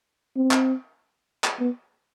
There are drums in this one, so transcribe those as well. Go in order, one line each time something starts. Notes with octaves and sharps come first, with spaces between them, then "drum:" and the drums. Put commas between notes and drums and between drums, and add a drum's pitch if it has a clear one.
C4
drum: clap
drum: clap
B3